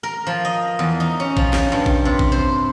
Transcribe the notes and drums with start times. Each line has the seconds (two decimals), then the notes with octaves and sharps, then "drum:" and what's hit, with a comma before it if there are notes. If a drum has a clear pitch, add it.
0.03 A#4
0.27 F3
0.45 D#5
0.79 E2
1.00 D#4
1.20 C#4
1.37 F3, drum: kick A1
1.53 drum: snare
1.72 G2
1.86 drum: kick A1
2.05 C3
2.19 drum: kick A1
2.32 C5